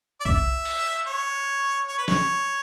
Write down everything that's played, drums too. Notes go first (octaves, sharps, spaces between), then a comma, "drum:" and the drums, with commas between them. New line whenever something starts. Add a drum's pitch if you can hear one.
D5
E5, drum: kick B1
drum: cymbal
C#5
C#5
B4
C#5, drum: snare